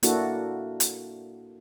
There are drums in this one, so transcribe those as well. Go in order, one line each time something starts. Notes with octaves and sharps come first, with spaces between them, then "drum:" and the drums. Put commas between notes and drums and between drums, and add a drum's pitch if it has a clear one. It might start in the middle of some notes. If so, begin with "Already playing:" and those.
A#3 D4 E4 F#4 A4, drum: hi-hat
drum: hi-hat